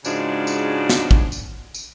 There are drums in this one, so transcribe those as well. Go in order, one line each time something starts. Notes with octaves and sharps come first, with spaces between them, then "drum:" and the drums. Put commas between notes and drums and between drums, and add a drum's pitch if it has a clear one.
G#2 C#3 F3 G#3 D4 F#4, drum: tambourine
drum: tambourine
drum: snare
drum: kick
drum: tambourine
drum: tambourine